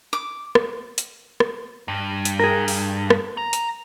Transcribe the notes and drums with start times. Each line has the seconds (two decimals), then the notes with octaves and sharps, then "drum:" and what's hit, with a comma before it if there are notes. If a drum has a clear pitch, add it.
0.13 D6
0.55 drum: rim click
0.98 drum: hi-hat
1.40 drum: rim click
1.88 G2
2.25 drum: hi-hat
2.40 G#4 A#4
2.68 drum: open hi-hat
3.10 drum: rim click
3.37 A#5
3.53 drum: hi-hat